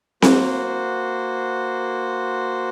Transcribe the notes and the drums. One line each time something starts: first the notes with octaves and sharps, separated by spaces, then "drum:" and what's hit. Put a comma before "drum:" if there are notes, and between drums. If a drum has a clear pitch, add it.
A#3 F#4 C5, drum: snare C4